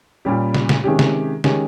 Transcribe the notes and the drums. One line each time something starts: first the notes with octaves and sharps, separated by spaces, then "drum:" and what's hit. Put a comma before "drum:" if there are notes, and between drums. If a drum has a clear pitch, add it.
A#2 G3 C#4 G4
drum: snare
drum: snare
C3 D#3 G#3 C#4 G4
drum: snare
D#3 G#3 C#4 G4, drum: snare